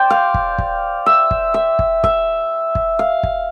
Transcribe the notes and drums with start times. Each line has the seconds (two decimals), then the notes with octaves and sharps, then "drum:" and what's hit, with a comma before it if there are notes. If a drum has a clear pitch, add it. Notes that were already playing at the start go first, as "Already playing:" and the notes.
Already playing: C5 D5 G5
0.10 F5
0.34 drum: kick
0.58 drum: kick
1.06 E5
1.31 drum: kick
1.54 E5
1.79 drum: kick
2.04 E5, drum: kick
2.75 drum: kick
2.99 F5
3.23 drum: kick